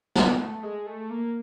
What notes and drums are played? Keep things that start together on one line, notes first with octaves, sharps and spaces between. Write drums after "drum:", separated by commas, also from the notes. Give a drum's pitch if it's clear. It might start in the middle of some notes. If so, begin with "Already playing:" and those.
B3, drum: snare
A3
G#3
A3
A#3